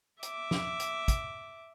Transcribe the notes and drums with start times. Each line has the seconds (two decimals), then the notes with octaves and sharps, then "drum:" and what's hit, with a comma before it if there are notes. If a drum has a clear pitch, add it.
0.23 E5 D6, drum: hi-hat
0.51 drum: snare
0.80 drum: hi-hat
1.08 drum: kick, hi-hat